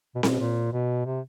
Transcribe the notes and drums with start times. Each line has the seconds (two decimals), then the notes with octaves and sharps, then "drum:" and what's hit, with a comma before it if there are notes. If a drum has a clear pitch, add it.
0.15 B2
0.23 A#2, drum: snare C4
0.31 B2
0.40 A#2
0.73 B2
1.05 C3